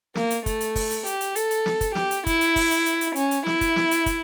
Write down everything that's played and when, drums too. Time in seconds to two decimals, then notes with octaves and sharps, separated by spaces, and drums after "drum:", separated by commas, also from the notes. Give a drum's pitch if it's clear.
0.15 A#3, drum: snare
0.30 drum: hi-hat
0.46 A3, drum: kick, hi-hat
0.61 drum: hi-hat
0.76 drum: kick, open hi-hat
0.91 drum: hi-hat
1.06 G4, drum: hi-hat
1.21 drum: hi-hat
1.36 A4, drum: hi-hat
1.51 drum: hi-hat
1.66 drum: snare
1.81 drum: kick, hi-hat
1.95 G4, drum: snare
2.11 drum: hi-hat
2.26 E4, drum: kick, hi-hat
2.41 drum: hi-hat
2.56 drum: kick, open hi-hat
2.71 drum: hi-hat
2.86 drum: hi-hat
3.01 drum: hi-hat
3.16 C#4, drum: hi-hat
3.31 drum: hi-hat
3.46 E4, drum: snare
3.61 drum: kick, hi-hat
3.76 drum: snare
3.91 drum: hi-hat
4.06 drum: kick, hi-hat